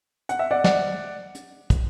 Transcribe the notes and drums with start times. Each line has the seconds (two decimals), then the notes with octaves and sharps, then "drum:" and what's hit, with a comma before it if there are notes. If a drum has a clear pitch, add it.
0.29 F#5, drum: hi-hat
0.39 E5
0.51 D5 F#5
0.64 D5 F#5, drum: snare
1.35 drum: hi-hat
1.70 drum: kick, hi-hat